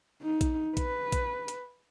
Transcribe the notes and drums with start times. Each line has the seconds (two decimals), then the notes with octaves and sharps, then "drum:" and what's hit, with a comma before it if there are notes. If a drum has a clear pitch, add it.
0.23 D#4
0.41 drum: kick A#1, hi-hat
0.77 B4, drum: kick A#1, hi-hat
1.12 drum: kick A#1, hi-hat
1.48 drum: hi-hat